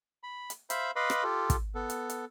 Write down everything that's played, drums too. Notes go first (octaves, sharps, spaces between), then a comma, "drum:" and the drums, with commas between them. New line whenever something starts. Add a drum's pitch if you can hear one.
B5
drum: hi-hat
C5 E5 F5 B5, drum: hi-hat
B4 D#5 F5 B5 C6 D6
drum: rim click
F4 G4 A4
drum: kick, hi-hat
B3 A4
drum: hi-hat
drum: hi-hat